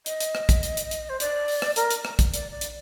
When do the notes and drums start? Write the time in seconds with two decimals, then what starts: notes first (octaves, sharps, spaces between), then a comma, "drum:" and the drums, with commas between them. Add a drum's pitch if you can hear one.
0.06 D#5, drum: hi-hat
0.20 drum: hi-hat
0.35 drum: rim click
0.49 drum: kick, hi-hat
0.63 drum: hi-hat
0.77 drum: hi-hat
0.91 drum: hi-hat
1.09 C5
1.20 D5, drum: hi-hat
1.48 drum: open hi-hat
1.62 drum: rim click
1.76 A#4, drum: hi-hat
1.90 drum: hi-hat
2.05 drum: rim click
2.19 drum: kick, hi-hat
2.34 D5, drum: hi-hat
2.51 D5
2.61 drum: hi-hat